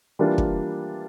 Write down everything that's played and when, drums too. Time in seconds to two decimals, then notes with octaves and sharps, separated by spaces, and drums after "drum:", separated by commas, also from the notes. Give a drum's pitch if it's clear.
0.19 E3 G3 A#3 D4 F4
0.38 drum: kick